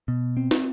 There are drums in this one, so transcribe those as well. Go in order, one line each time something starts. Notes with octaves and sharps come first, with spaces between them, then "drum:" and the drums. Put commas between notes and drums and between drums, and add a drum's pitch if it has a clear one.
B2
C4
drum: snare